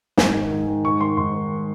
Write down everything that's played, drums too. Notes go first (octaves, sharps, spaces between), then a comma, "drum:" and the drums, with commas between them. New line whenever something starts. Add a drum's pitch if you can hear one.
G#2 G#5, drum: snare
D#3
G#2
D#3
G#2 C#6
D#3 C6
G#2 C6
D#3